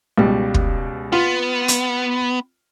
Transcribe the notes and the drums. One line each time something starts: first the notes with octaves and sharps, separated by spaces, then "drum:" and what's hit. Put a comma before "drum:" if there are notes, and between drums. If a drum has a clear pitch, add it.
C#2 B2 G3
drum: kick
B3 F4
drum: hi-hat